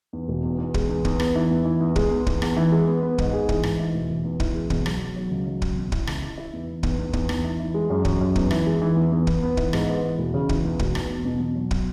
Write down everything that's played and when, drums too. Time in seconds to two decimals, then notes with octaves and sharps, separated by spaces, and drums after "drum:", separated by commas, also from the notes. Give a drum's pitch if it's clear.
0.13 E2
0.28 E1
0.44 E2
0.58 E2
0.74 G#3, drum: kick
0.89 E2
1.05 E2, drum: kick
1.20 B3, drum: rim click
1.35 E3
1.51 E2
1.65 E3
1.80 E2
1.96 G#3, drum: kick
2.11 E2
2.27 E2, drum: kick
2.42 E2, drum: rim click
2.57 E3
2.72 G#3
2.87 B3
3.03 B3
3.18 G#2, drum: kick
3.33 G#4
3.49 E3, drum: kick
3.63 G#2, drum: rim click
3.79 E3
3.94 E1
4.09 E1
4.25 E2
4.40 E3, drum: kick
4.55 G#3
4.70 B2, drum: kick
4.86 F#3, drum: rim click
5.00 F#3
5.16 F#3
5.31 C#2
5.47 F#3
5.62 C#2, drum: kick
5.76 B2
5.92 E4, drum: kick
6.07 C#2, drum: rim click
6.22 E4
6.38 E4
6.53 E2
6.68 E3
6.83 E2, drum: kick
6.99 E2
7.13 E2, drum: kick
7.29 E2, drum: rim click
7.44 E3
7.59 E3
7.74 G#3
7.90 F#2
8.05 F#2, drum: kick
8.21 F#2
8.36 E2, drum: kick
8.51 E3, drum: rim click
8.66 G#3
8.82 E3
8.96 E2
9.12 E2
9.27 B3, drum: kick
9.43 B3
9.57 E3, drum: kick
9.73 G#2, drum: rim click
9.88 B3
10.04 E3
10.18 E1
10.34 C#3
10.49 E3, drum: kick
10.65 E2
10.79 E1, drum: kick
10.95 E2, drum: rim click
11.09 E2
11.25 B2
11.40 B2
11.55 F#3
11.71 drum: kick